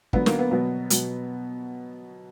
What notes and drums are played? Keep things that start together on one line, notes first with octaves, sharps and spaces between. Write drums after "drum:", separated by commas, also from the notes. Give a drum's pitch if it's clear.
D3 F#3 B3, drum: kick
A#3, drum: snare
B3
B2 F#3 B3
B2 F#3, drum: hi-hat